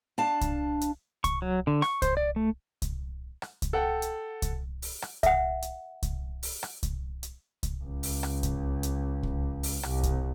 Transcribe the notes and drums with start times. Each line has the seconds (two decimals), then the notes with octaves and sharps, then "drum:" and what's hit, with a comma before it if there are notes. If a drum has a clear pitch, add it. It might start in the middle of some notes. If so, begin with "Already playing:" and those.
0.18 D4 F5 A5
0.41 drum: kick C2, hi-hat
0.81 drum: hi-hat
1.24 C#6, drum: kick C2, hi-hat
1.42 F#3
1.67 D3
1.82 C#6, drum: rim click
2.02 C5, drum: kick C2, hi-hat
2.17 D5
2.36 A3
2.82 drum: kick C2, hi-hat
3.42 drum: rim click
3.62 drum: kick C2, hi-hat
3.73 A4 F#5 G5
4.02 drum: hi-hat
4.42 drum: kick C2, hi-hat
4.82 drum: open hi-hat
5.02 drum: rim click
5.23 E5 F#5, drum: kick C2, hi-hat
5.62 drum: hi-hat
6.03 drum: kick C2, hi-hat
6.43 drum: open hi-hat
6.63 drum: rim click
6.83 drum: kick C2, hi-hat
7.23 drum: hi-hat
7.63 drum: kick C2, hi-hat
7.84 C#2
8.03 drum: open hi-hat
8.23 drum: rim click
8.43 drum: kick C2, hi-hat
8.83 drum: hi-hat
9.23 drum: kick C2
9.63 drum: open hi-hat
9.83 C2, drum: rim click
10.03 drum: kick C2, hi-hat